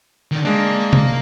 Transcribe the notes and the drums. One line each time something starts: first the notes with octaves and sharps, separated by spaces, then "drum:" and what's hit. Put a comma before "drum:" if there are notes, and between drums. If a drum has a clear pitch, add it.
D3 D#3
G#3 A#3 D4
drum: tom C3